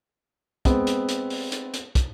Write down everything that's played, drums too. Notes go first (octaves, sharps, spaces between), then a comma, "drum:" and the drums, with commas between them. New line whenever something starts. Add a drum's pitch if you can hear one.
G#3 B3 C4, drum: kick, hi-hat
drum: hi-hat
drum: hi-hat
drum: open hi-hat
drum: hi-hat
drum: hi-hat
drum: kick, hi-hat